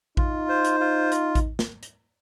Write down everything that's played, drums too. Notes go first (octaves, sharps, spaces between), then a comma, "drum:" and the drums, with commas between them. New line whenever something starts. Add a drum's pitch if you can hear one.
D#4 F4, drum: kick A1
C5
drum: hi-hat
F4
drum: hi-hat
drum: kick A1, hi-hat
drum: snare
drum: hi-hat